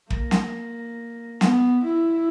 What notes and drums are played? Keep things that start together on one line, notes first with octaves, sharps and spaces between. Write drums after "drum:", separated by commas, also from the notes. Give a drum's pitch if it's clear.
A#3, drum: kick
drum: snare
B3, drum: snare
E4